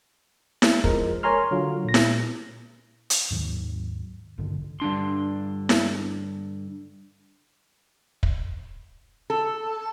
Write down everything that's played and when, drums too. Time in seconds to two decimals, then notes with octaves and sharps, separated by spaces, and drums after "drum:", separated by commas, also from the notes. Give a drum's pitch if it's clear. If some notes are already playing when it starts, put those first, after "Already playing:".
0.62 drum: snare E4
0.84 F3 G#3 A#4, drum: kick
1.23 A#4 C#5 G#5 A#5 C6 F6
1.51 D3 F#3 F4
1.85 A#2 A#6
1.94 drum: snare E4
3.10 drum: hi-hat
3.30 D#2 G#2 D#3 F#3
4.38 A#1 G2 D3 D#3
4.80 G2 D3 D4 C6
5.69 drum: snare E4
8.23 drum: kick
9.30 A4